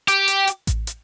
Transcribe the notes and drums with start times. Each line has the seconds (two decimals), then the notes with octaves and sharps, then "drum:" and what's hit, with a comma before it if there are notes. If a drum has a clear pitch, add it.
0.08 G4, drum: hi-hat
0.28 drum: hi-hat
0.47 drum: hi-hat
0.67 drum: kick A1, hi-hat
0.87 drum: hi-hat